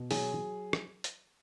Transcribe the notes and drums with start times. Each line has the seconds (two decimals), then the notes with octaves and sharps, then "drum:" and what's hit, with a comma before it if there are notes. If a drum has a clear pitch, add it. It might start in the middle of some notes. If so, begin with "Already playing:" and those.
Already playing: B2
0.11 F#3 G#4, drum: open hi-hat
0.34 F#3
0.73 drum: rim click
1.04 drum: hi-hat